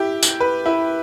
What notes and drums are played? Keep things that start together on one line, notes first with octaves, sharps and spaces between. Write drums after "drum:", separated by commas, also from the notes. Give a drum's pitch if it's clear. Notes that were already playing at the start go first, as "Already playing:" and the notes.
Already playing: E4 G4
drum: tambourine
B4
E4